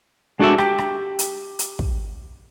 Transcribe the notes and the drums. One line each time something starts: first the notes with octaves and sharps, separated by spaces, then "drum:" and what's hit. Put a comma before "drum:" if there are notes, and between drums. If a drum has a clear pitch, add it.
G#3 D4 F#4 A4 D5 E5
G4, drum: rim click
drum: rim click
drum: hi-hat
drum: hi-hat
drum: kick